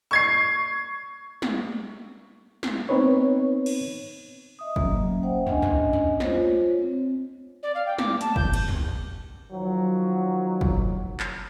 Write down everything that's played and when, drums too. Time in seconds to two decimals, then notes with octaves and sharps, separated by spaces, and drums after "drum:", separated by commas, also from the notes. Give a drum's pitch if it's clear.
0.11 C#6 G#6 C7
1.42 drum: snare
2.63 drum: snare
2.89 B3 C4 D#4 B4 C#5
3.66 drum: cymbal
4.59 D#5 E5 D#6
4.76 F#3 A#3 C#4, drum: kick
5.23 C5 E5 F#5 G5
5.46 C#4 D4 D#5 G#5, drum: tom
5.62 drum: tom
5.93 drum: tom
6.20 F4 C5 C#5, drum: snare
6.82 C4
7.63 D5
7.75 F5
7.86 G5
7.98 D6, drum: snare
8.21 A5, drum: hi-hat
8.36 G6, drum: kick
8.54 drum: cymbal
8.68 drum: tom
9.52 D#3 F3 F#3
10.61 drum: kick
11.20 drum: clap